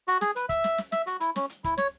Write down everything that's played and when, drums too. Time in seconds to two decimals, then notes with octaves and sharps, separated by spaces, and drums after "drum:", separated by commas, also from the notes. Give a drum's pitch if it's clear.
0.08 F#4, drum: hi-hat
0.21 G#4, drum: snare
0.36 B4, drum: hi-hat
0.49 E5, drum: kick, hi-hat
0.64 drum: snare
0.78 drum: snare
0.92 E5, drum: snare
1.07 F#4, drum: hi-hat
1.20 E4, drum: hi-hat
1.36 C#4, drum: snare
1.50 drum: hi-hat
1.64 E4, drum: kick, hi-hat
1.78 C#5, drum: snare